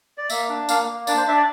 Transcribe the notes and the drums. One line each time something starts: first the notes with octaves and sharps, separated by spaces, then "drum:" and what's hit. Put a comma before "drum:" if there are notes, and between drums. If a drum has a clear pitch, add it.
D5
A#3 E5, drum: tambourine
D4
A#3 F5, drum: tambourine
A#3
D4 D5, drum: tambourine
C5
D4 E5
D5